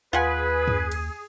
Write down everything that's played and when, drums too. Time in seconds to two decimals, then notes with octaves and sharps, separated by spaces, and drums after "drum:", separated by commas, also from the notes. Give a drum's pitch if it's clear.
0.13 D#2 F4 G#4 B4 F#5 G#5
0.68 drum: tom F#2
0.91 drum: cymbal